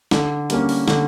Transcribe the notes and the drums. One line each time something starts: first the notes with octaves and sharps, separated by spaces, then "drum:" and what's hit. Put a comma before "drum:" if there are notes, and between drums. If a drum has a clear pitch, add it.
D3, drum: snare
G3 A#3 C#4, drum: hi-hat
drum: open hi-hat
D3, drum: snare